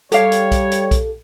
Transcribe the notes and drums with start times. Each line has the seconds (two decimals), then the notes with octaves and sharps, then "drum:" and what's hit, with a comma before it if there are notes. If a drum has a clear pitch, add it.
0.12 G3 G4 A4 C#5 F5, drum: hi-hat
0.32 drum: hi-hat
0.52 drum: kick B1, hi-hat
0.71 drum: hi-hat
0.91 drum: kick B1, hi-hat